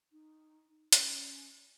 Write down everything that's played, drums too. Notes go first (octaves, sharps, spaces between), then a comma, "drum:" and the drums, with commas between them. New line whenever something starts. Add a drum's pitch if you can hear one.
D#4
C#4, drum: hi-hat